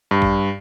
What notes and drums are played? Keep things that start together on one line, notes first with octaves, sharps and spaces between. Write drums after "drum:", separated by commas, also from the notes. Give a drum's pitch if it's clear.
G2
drum: kick